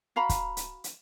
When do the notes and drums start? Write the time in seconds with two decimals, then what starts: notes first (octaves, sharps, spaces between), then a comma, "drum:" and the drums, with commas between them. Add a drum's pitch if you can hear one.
0.16 F#4 F5 A#5 B5
0.29 drum: kick, hi-hat
0.57 drum: hi-hat
0.84 drum: hi-hat